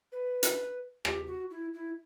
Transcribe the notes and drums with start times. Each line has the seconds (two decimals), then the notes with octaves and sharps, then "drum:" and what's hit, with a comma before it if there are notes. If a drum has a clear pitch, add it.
0.12 B4
0.43 drum: hi-hat
1.05 G4, drum: rim click
1.27 F#4
1.51 E4
1.74 E4